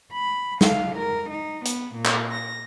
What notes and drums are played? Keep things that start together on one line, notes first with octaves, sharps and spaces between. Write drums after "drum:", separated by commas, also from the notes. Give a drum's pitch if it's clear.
B5
F5, drum: snare
A#4
D#4
B3, drum: hi-hat
A#2
drum: clap
A#6